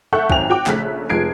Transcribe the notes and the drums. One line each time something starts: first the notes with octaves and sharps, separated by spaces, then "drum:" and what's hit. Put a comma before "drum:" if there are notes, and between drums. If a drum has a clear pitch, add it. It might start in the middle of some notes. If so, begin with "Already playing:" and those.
A4 E5 F#5 C#6 F#6 G6
G#1 F#2 G5 G#5 F7, drum: kick
F#4 G5 D6
A#1 C#3 A3 F#6 B6, drum: clap
F1 F3 G#3 G#6 C7 D7